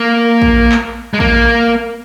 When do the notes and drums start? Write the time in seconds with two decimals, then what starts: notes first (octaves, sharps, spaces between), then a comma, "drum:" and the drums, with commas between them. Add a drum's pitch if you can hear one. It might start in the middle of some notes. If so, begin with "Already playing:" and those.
Already playing: A#3
0.42 drum: kick
0.72 drum: clap
1.14 G#3
1.20 A#3, drum: kick